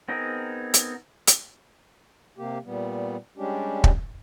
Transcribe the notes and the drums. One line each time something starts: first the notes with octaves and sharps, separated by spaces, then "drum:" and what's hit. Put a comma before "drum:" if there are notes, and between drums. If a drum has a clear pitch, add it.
B3 C4 D#4 G#4 A#4
drum: hi-hat
drum: hi-hat
C3 A#3 G4
A#2 G3 B3
G3 G#3 C#4 D4 G4
drum: kick